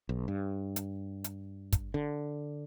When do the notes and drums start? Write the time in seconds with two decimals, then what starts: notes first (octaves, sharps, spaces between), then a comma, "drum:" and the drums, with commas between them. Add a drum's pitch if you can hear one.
0.09 B1
0.28 G2
0.76 drum: hi-hat
1.24 drum: hi-hat
1.72 drum: kick, hi-hat
1.94 D3